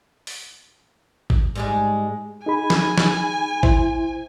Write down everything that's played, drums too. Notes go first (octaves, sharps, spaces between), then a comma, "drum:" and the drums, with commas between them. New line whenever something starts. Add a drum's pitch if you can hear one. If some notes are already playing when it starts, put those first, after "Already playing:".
drum: open hi-hat
drum: kick G#1
G#2 G3 G#3
D#4 G#4 G#5 B5
drum: snare
drum: snare
E4 C5, drum: kick G#1